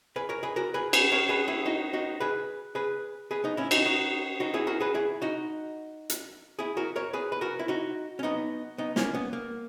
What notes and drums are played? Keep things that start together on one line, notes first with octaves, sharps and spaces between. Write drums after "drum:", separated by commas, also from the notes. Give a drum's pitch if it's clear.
G#4 B4
A#4 C#5
G#4 B4
F#4 A#4
G#4 B4
G#4 B4, drum: cymbal
A#4 C#5
G#4 B4
E4 G#4
D#4 F#4
D#4 F#4
G#4 B4
G#4 B4
G#4 B4
B3 D#4
C#4 E4
D#4 F#4, drum: cymbal
D#4 F#4
D#4 F#4
E4 G#4
F#4 A#4
G#4 B4
E4 G#4
D#4 F#4
drum: hi-hat
E4 G#4
F#4 A#4
A#4 C#5
G#4 B4
B4
F#4 A#4
E4
D#4 F#4
C#4
B3 D#4
B3 D#4
A#3 C#4, drum: snare
B3
A#3